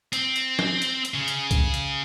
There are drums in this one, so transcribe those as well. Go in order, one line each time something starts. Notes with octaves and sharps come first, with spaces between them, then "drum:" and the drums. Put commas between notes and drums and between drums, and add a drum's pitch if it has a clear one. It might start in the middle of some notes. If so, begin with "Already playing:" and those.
C4, drum: hi-hat
drum: hi-hat
drum: snare
drum: hi-hat
drum: hi-hat
C#3
drum: hi-hat
drum: kick C2, hi-hat
drum: hi-hat